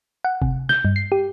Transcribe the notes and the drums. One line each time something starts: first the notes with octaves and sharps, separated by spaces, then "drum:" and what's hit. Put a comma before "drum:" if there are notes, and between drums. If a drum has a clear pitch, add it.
F#5
C3, drum: kick F#1
G6, drum: snare
G2
C7
G4